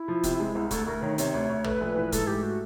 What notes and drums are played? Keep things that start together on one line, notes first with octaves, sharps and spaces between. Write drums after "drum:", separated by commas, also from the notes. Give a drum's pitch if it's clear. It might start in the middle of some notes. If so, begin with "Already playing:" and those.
Already playing: E4
F3
C3, drum: kick, hi-hat
G#3
C2
D2 A4, drum: kick, hi-hat
D2 A#4
D#3 C#5
C3 C#5, drum: hi-hat
D2
D2
A3 B4, drum: tom
A#1
E3
G#2 A4, drum: kick, hi-hat
A3 G4
F#4